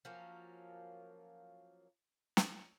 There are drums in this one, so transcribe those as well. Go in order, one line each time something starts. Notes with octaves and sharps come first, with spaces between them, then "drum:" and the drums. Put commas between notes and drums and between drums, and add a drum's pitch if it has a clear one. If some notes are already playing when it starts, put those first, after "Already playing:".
F3 F#3 A#3 C#4
drum: snare